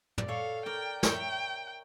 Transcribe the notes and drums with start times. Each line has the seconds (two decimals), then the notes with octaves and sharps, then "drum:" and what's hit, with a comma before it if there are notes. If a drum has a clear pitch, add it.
0.18 D5, drum: tom
0.28 A4 C#5 F5
0.66 A#4 D5 G5
1.03 C#5 E5 G5, drum: snare